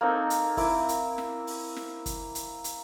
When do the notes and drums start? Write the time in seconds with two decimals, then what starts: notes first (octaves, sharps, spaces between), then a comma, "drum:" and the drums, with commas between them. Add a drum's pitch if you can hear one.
0.01 A#3 C4 D#4 A4
0.30 drum: hi-hat
0.57 E4 A#4 C5 D6, drum: kick, open hi-hat
0.89 drum: hi-hat
1.18 drum: snare
1.47 drum: open hi-hat
1.76 drum: snare
2.06 drum: kick, hi-hat
2.35 drum: hi-hat
2.64 drum: hi-hat